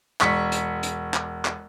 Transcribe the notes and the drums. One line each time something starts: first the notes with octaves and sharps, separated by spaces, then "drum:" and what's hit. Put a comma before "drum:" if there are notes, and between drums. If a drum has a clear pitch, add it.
E1 C#6 B6, drum: clap
drum: hi-hat
drum: hi-hat
drum: clap
drum: clap